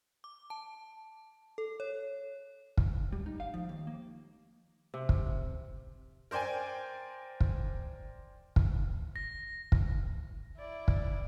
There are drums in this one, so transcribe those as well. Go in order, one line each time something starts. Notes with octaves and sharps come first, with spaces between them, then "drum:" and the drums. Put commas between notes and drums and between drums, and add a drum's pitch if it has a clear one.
D6
A5
A4
C#5
drum: kick
G3
D#4
F5
F3
D#2
A#3
C3
drum: kick
A#4 C5 D5 G5 G#5
drum: kick
drum: kick
A#6
drum: kick
E4 D5
drum: kick